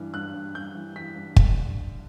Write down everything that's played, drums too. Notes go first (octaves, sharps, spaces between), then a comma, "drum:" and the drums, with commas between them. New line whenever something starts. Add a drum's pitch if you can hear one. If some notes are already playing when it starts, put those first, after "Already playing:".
Already playing: G2 E3
G2 F#6
G2
G2 G6
E3
E3 B6
G2
D3, drum: kick